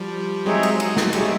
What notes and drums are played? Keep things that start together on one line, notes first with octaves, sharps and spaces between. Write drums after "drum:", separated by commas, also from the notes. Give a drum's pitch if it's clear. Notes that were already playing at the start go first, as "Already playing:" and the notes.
Already playing: F3 G3
F#3 G#3 C4 D#4 G#4 C#5 E5
drum: cymbal
drum: cymbal
drum: snare
G3 A3 C4 D#4 G#4 C#5 E5, drum: cymbal